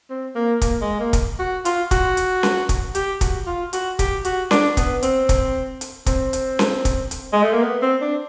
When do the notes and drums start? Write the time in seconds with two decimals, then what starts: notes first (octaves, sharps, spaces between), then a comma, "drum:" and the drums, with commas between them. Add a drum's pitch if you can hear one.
0.10 C4
0.35 A#3
0.61 A#3, drum: kick, hi-hat
0.81 G#3
1.00 A#3
1.13 drum: kick, hi-hat
1.39 F#4
1.65 F4, drum: hi-hat
1.91 F#4, drum: kick, hi-hat
2.17 drum: hi-hat
2.43 drum: snare C#4
2.69 drum: kick, hi-hat
2.95 G4, drum: hi-hat
3.21 F#4, drum: kick, hi-hat
3.46 F4
3.73 F#4, drum: hi-hat
3.99 G4, drum: kick, hi-hat
4.25 F#4, drum: hi-hat
4.51 D4, drum: snare C#4
4.77 B3, drum: kick, hi-hat
5.02 C4, drum: hi-hat
5.29 drum: kick, hi-hat
5.81 drum: hi-hat
6.06 C4, drum: kick, hi-hat
6.33 drum: hi-hat
6.59 drum: snare C#4
6.85 drum: kick, hi-hat
7.11 drum: hi-hat
7.33 G#3
7.43 A3
7.53 A#3
7.63 B3
7.82 C4
8.01 D4